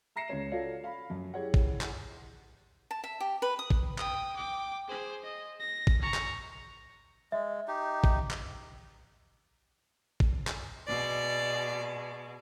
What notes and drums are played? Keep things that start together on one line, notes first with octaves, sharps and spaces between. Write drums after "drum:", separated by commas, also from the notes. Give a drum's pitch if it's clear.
E5 A#5 A#6 C7 C#7 E7
C#2 C#4 C#5 E7
F4 F#4 A4 C#5 D5 F5
F5 B5
F#2
E4 G4 G#4 C#5 F#5
drum: kick G#1
drum: clap
A5
E5
G4
B4
D#6
drum: kick G#1
G5 D#6, drum: clap
G5 D6
G#4 C5
D#5
A#6
drum: kick G#1
A#5 C#6
drum: clap
G#3 E5
D#4 G4
drum: kick G#1
drum: clap
drum: kick G#1
drum: clap
B2 G#3 D5